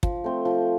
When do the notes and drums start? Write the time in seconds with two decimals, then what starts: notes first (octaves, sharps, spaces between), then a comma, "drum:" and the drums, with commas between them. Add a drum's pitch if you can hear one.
0.03 F3, drum: kick
0.24 A3 C4
0.45 F3